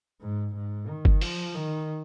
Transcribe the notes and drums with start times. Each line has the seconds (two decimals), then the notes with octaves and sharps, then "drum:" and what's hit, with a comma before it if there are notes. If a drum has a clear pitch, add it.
0.22 G#2
0.55 G#2
0.88 D#3
1.05 drum: kick G1
1.21 F3, drum: open hi-hat
1.55 D#3